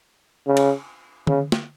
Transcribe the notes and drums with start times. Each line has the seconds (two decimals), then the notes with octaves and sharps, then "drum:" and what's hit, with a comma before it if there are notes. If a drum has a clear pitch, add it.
0.47 C#3
0.57 drum: cymbal
1.27 C#3, drum: tom D3
1.52 drum: snare